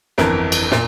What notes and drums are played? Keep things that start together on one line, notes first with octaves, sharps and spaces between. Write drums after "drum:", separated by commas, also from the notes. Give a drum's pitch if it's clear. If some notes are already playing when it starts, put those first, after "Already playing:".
G1 F2 E3 A#4, drum: snare
drum: cymbal
A#2, drum: snare